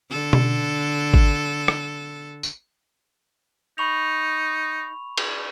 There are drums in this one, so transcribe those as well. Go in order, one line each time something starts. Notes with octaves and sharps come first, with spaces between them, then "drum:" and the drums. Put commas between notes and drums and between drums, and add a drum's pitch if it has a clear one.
D3 A4
drum: tom B2
drum: kick G#1
drum: rim click
drum: tambourine
D#4 B5 C#6 F7
drum: cymbal